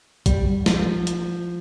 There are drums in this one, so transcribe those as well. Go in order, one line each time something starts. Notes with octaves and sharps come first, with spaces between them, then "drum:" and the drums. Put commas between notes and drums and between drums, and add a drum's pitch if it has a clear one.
G3, drum: kick, hi-hat
F3, drum: snare
drum: hi-hat